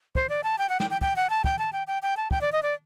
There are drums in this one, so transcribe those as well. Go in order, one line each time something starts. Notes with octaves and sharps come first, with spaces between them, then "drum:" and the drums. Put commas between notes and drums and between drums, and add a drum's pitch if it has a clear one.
C5, drum: kick
D5
A5
G5
F#5
G5, drum: snare
G5
G5, drum: kick
F#5
A5
G5, drum: kick
A5
G5
G5
G5
A5
G5, drum: kick
D5
D#5
D5